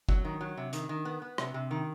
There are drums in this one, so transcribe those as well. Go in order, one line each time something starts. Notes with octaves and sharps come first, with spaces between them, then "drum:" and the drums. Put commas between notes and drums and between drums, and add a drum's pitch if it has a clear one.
F#3, drum: kick F#1
D#3
F#3
C3
D#3, drum: hi-hat
D#3
B3
B3
C3, drum: rim click
C3
D#3